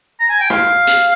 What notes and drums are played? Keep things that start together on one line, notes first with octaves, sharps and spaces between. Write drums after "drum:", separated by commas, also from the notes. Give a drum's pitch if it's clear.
A#5
G#5
G5
F5, drum: rim click
drum: hi-hat